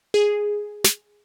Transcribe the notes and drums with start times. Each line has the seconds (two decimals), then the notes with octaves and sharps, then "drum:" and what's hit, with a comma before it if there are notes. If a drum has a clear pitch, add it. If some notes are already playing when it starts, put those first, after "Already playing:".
0.14 G#4
0.84 drum: snare